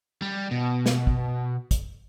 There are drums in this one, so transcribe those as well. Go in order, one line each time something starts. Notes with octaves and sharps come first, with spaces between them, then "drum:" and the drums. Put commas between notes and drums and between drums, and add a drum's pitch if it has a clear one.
G3
B2
drum: snare
drum: kick
drum: kick, hi-hat